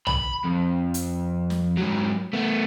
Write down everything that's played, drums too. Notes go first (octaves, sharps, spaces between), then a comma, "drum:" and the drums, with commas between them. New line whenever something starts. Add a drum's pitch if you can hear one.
B5, drum: tom B1
F2
drum: hi-hat
drum: snare
G#2 F#3
A3 B3